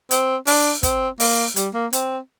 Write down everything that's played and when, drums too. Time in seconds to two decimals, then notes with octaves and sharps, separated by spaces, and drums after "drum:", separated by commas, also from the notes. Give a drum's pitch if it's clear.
0.11 C4, drum: hi-hat
0.47 D4, drum: open hi-hat
0.83 C4, drum: kick, hi-hat
1.20 A#3, drum: open hi-hat
1.56 G3, drum: hi-hat
1.74 A#3
1.93 C4, drum: hi-hat